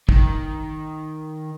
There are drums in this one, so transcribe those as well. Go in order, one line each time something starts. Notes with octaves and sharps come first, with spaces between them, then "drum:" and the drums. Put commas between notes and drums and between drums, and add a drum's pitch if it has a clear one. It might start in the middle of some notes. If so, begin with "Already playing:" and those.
D#3, drum: kick